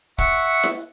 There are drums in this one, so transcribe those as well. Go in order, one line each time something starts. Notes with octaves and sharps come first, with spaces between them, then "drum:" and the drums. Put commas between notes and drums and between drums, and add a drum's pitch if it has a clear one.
E5 F#5 C#6, drum: kick
drum: snare E4